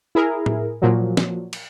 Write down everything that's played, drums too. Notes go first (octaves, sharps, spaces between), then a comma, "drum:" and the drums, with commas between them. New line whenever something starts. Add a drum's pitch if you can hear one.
E4 G#4 A#4
drum: tom A2
A#2 F3 F#3
drum: snare
drum: cymbal